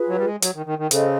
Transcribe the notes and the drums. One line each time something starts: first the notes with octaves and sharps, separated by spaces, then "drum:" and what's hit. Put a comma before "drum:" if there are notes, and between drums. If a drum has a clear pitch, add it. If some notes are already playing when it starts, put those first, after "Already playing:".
Already playing: F4 G#4 B4
F#3
G3
G#3
F#3, drum: hi-hat
D#3
D#3
D#3
C#3 A4 C5 D#5, drum: hi-hat